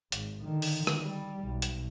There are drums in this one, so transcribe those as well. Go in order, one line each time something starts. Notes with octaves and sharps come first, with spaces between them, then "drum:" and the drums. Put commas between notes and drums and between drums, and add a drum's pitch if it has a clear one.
G#1, drum: hi-hat
D3 D#3
drum: open hi-hat
drum: rim click
G3
B1
drum: hi-hat